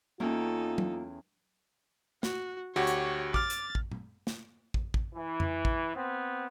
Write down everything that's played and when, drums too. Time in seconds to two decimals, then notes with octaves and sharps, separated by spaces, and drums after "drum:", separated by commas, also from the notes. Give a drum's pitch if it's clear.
0.20 E2 A#3 C#4 D#4 F4 A4 E5 G5
0.78 drum: tom F#3
2.23 F#4, drum: snare
2.76 D2 F#4 G4 C#5
2.87 drum: hi-hat
3.34 D6 F6 A6, drum: kick
3.50 drum: hi-hat
3.75 drum: kick
3.92 drum: tom A#2
4.27 drum: snare
4.74 drum: kick
4.94 drum: kick
5.15 E3
5.40 drum: tom F2
5.65 drum: kick
5.95 B3 C4